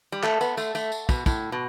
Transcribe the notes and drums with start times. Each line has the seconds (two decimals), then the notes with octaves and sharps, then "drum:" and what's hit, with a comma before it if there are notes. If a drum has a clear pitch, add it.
0.12 G3
0.23 A3, drum: clap
0.41 B3, drum: tambourine
0.57 A3, drum: tambourine
0.75 A3, drum: tambourine
0.92 drum: tambourine
1.09 B2, drum: kick, tambourine
1.26 A2, drum: kick, tambourine
1.52 B2